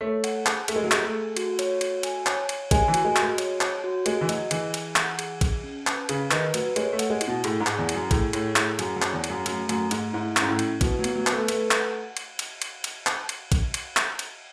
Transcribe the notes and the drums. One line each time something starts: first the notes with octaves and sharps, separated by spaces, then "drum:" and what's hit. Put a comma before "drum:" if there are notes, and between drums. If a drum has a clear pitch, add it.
A3 C#5
F#5, drum: cymbal
G#4, drum: clap
A3 G#4, drum: cymbal
G#3
F#3
G#3 G#4, drum: clap
A3
G#4
F#4, drum: cymbal
C#5, drum: cymbal
F#4, drum: cymbal
G#5, drum: cymbal
C#5, drum: clap
C#5, drum: cymbal
G#3 G#5, drum: kick A#1, cymbal
E3
F#4, drum: cymbal
G#3
F#4, drum: clap
G#3
C#5, drum: cymbal
C#5, drum: clap
F#4
G#3 G#4, drum: cymbal
E3
F#3 D#5, drum: cymbal
E3 G#4, drum: cymbal
G#4, drum: cymbal
F#5, drum: clap
G#4, drum: cymbal
G#4, drum: kick A#1, cymbal
C#4
B4, drum: clap
C#3 G#4, drum: cymbal
D#3 B4, drum: clap
F#3 B4, drum: cymbal
G#3 C#5, drum: cymbal
A3
F#5, drum: cymbal
G#3
E4, drum: cymbal
B2
A2 G#4, drum: cymbal
G#2
G#4, drum: clap
E2
E4, drum: cymbal
F#2
A2 G#4, drum: kick A#1, cymbal
A2 C#5, drum: cymbal
A2 G#4, drum: clap
F#2 G#4, drum: cymbal
F#2
C#5, drum: clap
E2
G#4, drum: cymbal
F#2
F#2 A3, drum: cymbal
F#2 A3, drum: cymbal
G#2 A3, drum: cymbal
G#2 E4
C#4, drum: clap
G#2
A2
E4, drum: cymbal
B2 B4, drum: kick A#1, cymbal
F#3
B3, drum: cymbal
F#3
B4, drum: clap
A3
A3 B4, drum: cymbal
F#5, drum: clap
drum: cymbal
drum: cymbal
drum: cymbal
drum: cymbal
drum: clap
drum: cymbal
drum: kick A#1, cymbal
drum: cymbal
drum: clap
drum: cymbal